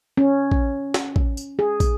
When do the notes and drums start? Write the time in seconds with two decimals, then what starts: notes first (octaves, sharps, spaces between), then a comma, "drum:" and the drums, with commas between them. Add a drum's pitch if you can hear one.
0.17 C#4
0.51 drum: kick
0.94 drum: snare
1.16 drum: kick
1.37 drum: tambourine
1.59 G#4
1.80 drum: kick, tambourine